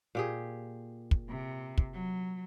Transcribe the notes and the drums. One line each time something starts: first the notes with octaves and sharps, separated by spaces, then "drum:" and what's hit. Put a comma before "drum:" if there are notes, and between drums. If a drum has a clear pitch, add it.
A#2 G4 G#4
drum: kick
C3
drum: kick
F#3